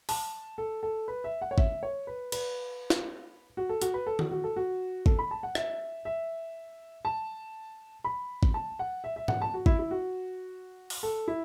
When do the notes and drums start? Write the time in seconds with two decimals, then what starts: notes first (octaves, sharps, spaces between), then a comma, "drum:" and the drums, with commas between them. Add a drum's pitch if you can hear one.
0.09 A5, drum: open hi-hat
0.58 A4
0.83 A4
1.08 B4
1.24 E5
1.42 F#5
1.51 C#5
1.58 E5, drum: kick
1.83 C#5
2.07 B4
2.32 B4, drum: cymbal
2.90 drum: snare
3.57 F#4
3.69 A4
3.82 F#4, drum: hi-hat
3.94 B4
4.07 A4
4.19 F#4, drum: tom
4.31 F#4
4.44 A4
4.56 F#4
5.06 A4, drum: kick
5.19 B5
5.31 A5
5.43 F#5
5.55 E5, drum: rim click
6.05 E5
7.05 A5
8.04 B5
8.43 drum: kick
8.54 A5
8.79 F#5
9.04 E5
9.16 E5
9.28 F#5, drum: tom G#2
9.42 A5
9.54 F#4
9.66 E4, drum: kick
9.79 E4
9.91 F#4
10.90 drum: open hi-hat
11.03 A4
11.28 E4